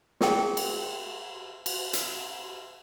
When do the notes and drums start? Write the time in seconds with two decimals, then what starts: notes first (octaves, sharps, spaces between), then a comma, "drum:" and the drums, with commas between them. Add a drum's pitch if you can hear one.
0.21 G4 G#4 A#4 G5, drum: snare
0.57 drum: cymbal
1.66 drum: cymbal
1.93 drum: hi-hat